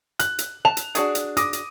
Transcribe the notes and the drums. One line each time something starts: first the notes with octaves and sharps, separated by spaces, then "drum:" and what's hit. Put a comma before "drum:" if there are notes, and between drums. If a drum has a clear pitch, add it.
F#6, drum: hi-hat
drum: hi-hat
A5 F7
drum: hi-hat
D4 F#4 G#4, drum: hi-hat
drum: hi-hat
D6 D#6 A#6, drum: hi-hat
drum: hi-hat